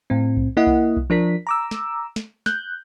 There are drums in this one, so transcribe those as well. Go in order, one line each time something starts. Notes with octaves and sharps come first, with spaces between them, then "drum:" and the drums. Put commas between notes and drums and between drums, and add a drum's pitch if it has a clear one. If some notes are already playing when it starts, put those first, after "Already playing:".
A2 C4
drum: kick B1
A#3 E4 D#5 F#5
drum: kick B1
drum: kick B1
F3 D4 A#4 B6
A#5 D6 E6
drum: snare
drum: snare
F#6 G6, drum: snare